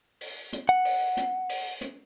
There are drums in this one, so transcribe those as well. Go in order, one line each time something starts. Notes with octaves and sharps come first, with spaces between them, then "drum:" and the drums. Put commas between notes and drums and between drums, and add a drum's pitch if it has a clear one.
drum: open hi-hat
drum: hi-hat
F#5
drum: open hi-hat
drum: hi-hat
drum: open hi-hat
drum: hi-hat